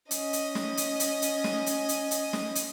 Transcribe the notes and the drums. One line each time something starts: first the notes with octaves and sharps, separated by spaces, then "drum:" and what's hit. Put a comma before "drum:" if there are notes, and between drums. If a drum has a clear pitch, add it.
C#4 D#5, drum: hi-hat
drum: hi-hat
drum: snare
drum: hi-hat
drum: hi-hat
drum: hi-hat
drum: snare
drum: hi-hat
drum: hi-hat
drum: hi-hat
drum: snare
drum: hi-hat